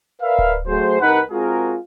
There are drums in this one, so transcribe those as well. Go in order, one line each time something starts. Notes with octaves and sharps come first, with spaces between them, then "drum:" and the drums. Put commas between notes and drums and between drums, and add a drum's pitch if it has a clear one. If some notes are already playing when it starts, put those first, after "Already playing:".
A#4 B4 D5 E5 F5
drum: kick D1
F#3 A3 G#4 C5
C2 D#4 A#4 B4 F#5
G#3 C4 F4 F#4 G#4 A#4